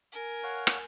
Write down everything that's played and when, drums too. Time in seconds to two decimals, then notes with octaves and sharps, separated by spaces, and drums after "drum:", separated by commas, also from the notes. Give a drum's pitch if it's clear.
0.12 A#4 G#5
0.43 C#5 F5 F#5
0.67 drum: rim click